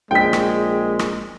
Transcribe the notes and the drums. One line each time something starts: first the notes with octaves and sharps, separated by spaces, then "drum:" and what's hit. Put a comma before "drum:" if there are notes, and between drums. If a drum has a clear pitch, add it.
A#1 G#3 G5 B6
drum: rim click
drum: rim click